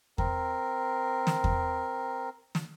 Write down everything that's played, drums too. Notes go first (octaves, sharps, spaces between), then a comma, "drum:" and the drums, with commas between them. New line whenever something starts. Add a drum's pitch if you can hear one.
C4 A#4, drum: kick E2
drum: snare
drum: kick E2
drum: snare